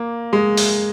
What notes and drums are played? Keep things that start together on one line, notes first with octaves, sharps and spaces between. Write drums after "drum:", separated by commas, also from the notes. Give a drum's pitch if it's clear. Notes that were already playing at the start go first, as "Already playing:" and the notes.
Already playing: A#3
G#3
drum: open hi-hat